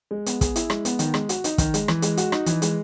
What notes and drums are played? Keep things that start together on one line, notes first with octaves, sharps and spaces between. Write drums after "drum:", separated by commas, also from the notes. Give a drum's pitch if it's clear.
G#3
B3, drum: hi-hat
G#4, drum: kick, hi-hat
E4, drum: hi-hat
G#3, drum: rim click
B3, drum: hi-hat
D#3, drum: hi-hat
G#3, drum: rim click
F#4, drum: hi-hat
D#4, drum: hi-hat
D#3, drum: kick, hi-hat
G#3, drum: hi-hat
E3, drum: rim click
G#3, drum: hi-hat
F#4, drum: hi-hat
D#4, drum: rim click
E3, drum: hi-hat
G#3, drum: hi-hat